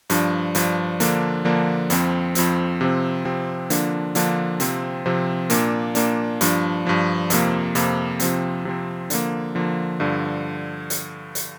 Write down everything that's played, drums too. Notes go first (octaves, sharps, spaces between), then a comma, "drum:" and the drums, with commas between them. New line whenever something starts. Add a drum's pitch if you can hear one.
G2 F3 D4, drum: hi-hat
G2 F3 D4, drum: hi-hat
D3 F3 A#3 D4, drum: hi-hat
D3 F3 A#3 D4
F2 F3 C4, drum: hi-hat
F2 F3 C4, drum: hi-hat
C3 F3 C4
C3 F3 C4
D3 F3 A#3 D4, drum: hi-hat
D3 F3 A#3 D4, drum: hi-hat
C3 F3 C4, drum: hi-hat
C3 F3 C4
A#2 A#3 D4, drum: hi-hat
A#2 A#3 D4, drum: hi-hat
G2 F3 D4, drum: hi-hat
G2 F3 D4
F2 C3 F3 A#3, drum: hi-hat
F2 C3 F3 A#3, drum: hi-hat
C3 F3 C4, drum: hi-hat
C3 F3 C4
D3 F3 A#3, drum: hi-hat
D3 F3 A#3
G2 D3 F3
drum: hi-hat
drum: hi-hat